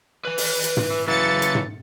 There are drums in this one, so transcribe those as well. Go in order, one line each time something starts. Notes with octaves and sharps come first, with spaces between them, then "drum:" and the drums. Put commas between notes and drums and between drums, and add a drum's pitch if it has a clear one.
B4 G#5
drum: open hi-hat
drum: hi-hat
drum: tom
E3
C#3 E3 F#3 A6 C#7
drum: hi-hat
drum: tom